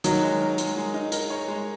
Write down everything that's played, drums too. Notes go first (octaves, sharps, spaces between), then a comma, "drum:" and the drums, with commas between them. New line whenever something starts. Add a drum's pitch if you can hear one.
D#3 F#3 D#4, drum: hi-hat
G#3
A#4
G#3, drum: hi-hat
G#3
D#4
A#4, drum: hi-hat
C#5
G#3